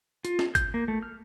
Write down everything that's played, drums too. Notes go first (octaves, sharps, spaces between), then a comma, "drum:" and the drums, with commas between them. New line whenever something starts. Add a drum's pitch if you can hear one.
F4, drum: hi-hat
drum: snare
G6, drum: kick G#1, hi-hat
A#3
A3
F6